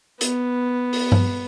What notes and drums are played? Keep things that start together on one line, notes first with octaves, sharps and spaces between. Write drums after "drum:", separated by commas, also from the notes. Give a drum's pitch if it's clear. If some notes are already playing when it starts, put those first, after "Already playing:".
B3, drum: hi-hat
drum: open hi-hat
drum: tom G2